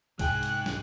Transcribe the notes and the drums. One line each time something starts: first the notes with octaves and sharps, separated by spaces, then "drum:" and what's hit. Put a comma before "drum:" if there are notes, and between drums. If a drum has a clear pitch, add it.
C2 G#2 G#3 G#4 G5 G#5 F#6, drum: kick C2, cymbal
drum: cymbal
drum: snare